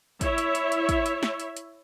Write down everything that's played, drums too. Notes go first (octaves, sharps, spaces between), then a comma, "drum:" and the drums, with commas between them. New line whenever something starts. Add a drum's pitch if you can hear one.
E4 C#5 E5, drum: kick, hi-hat
drum: hi-hat
drum: hi-hat
drum: hi-hat
drum: kick, hi-hat
drum: hi-hat
drum: snare
drum: hi-hat
drum: hi-hat